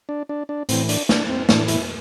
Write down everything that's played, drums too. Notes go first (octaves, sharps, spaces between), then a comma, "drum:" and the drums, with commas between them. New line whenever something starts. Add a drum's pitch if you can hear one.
D4
D4
D4
A2 E3 C4, drum: hi-hat
D4, drum: hi-hat
D4, drum: snare
C4
A2 E3 D4, drum: snare
E4, drum: hi-hat